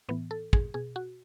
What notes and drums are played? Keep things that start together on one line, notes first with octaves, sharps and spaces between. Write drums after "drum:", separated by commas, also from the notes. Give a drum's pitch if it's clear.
A2 E3 B3
A4
G#4, drum: kick
B2 G#4
F#4